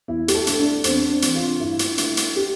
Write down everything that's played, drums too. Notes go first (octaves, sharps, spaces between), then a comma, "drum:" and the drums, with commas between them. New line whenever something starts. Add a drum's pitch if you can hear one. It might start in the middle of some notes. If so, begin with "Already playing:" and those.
E2 E4
G4, drum: hi-hat
A4
D3 A3, drum: hi-hat
D4
E2 C4, drum: hi-hat
D4
C3 E3, drum: hi-hat
F4
G2 E4
drum: hi-hat
D3 A3 E4, drum: hi-hat
drum: hi-hat
G4